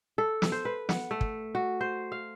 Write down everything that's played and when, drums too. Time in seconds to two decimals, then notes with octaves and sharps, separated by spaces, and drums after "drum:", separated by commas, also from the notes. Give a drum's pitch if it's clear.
0.18 A4
0.42 drum: snare
0.52 C5
0.65 B4
0.89 F#5, drum: snare
1.11 A3
1.21 drum: kick
1.55 F#4
1.81 C5
2.12 F5